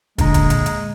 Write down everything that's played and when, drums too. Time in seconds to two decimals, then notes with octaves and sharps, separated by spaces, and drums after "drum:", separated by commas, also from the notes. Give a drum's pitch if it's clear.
0.18 A#2 D3 G#3 A#5, drum: kick, hi-hat
0.34 drum: kick, hi-hat
0.50 drum: hi-hat
0.66 drum: hi-hat